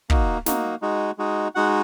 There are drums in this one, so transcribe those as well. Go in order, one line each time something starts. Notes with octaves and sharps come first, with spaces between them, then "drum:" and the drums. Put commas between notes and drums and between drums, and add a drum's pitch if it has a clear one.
A#3 D#4 F#4, drum: kick
A#3 D#4 F#4, drum: snare
G#3 D#4 F#4
G#3 D#4 F#4
G#3 D#4 F#4 F#5